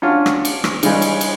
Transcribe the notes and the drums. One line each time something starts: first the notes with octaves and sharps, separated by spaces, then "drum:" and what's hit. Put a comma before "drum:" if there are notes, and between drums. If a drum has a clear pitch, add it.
C#4 D4 F4 F#4
drum: rim click
drum: cymbal
drum: rim click
C#3 E3 G3 G#3 C#4, drum: cymbal
drum: cymbal
drum: cymbal